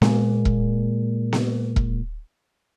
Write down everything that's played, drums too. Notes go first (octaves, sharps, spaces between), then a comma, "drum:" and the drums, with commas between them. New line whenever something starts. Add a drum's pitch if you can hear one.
A#2 G#3 A#3, drum: snare B3
drum: kick E1
drum: snare B3
drum: kick E1